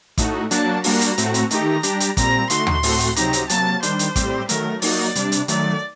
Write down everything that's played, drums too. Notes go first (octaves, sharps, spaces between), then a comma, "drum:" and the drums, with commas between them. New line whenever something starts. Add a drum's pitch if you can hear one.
A2 A3 D#4 F#4, drum: kick, hi-hat
F#3 A#3 D4 F#4 A5, drum: hi-hat
G3 A#3 D4 F#4 A#5, drum: open hi-hat
drum: hi-hat
A2 A3 C4 F#4, drum: hi-hat
drum: hi-hat
D#3 A3 D#4 G4 A#5, drum: hi-hat
G3 D4 G4, drum: hi-hat
drum: hi-hat
A#2 G3 C4 A#5, drum: kick, hi-hat
D3 A3 D#4 F#4 C6, drum: hi-hat
drum: tom D2
A2 A3 C4 F#4, drum: open hi-hat
drum: hi-hat
C3 F#3 C4 D#4 G4 A#5, drum: hi-hat
drum: hi-hat
C3 F#3 A#3 A5, drum: hi-hat
D#3 G3 D4 C5, drum: hi-hat
drum: hi-hat
A2 G3 C4 G4, drum: kick, hi-hat
D#3 F#3 A3 A#4, drum: hi-hat
F#3 A#3 D#4 F#4 D5, drum: open hi-hat
C3 G3 D4, drum: hi-hat
drum: hi-hat
D#3 F#3 A3 D5, drum: hi-hat